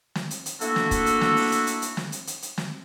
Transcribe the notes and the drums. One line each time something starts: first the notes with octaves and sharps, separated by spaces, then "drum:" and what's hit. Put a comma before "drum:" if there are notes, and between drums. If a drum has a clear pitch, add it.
drum: snare
drum: hi-hat
drum: hi-hat
A3 A#3 D4 E4 F#4 A4, drum: hi-hat
drum: snare
drum: kick, hi-hat
drum: hi-hat
drum: snare
drum: open hi-hat
drum: hi-hat
drum: hi-hat
drum: hi-hat
drum: snare
drum: hi-hat
drum: hi-hat
drum: hi-hat
drum: snare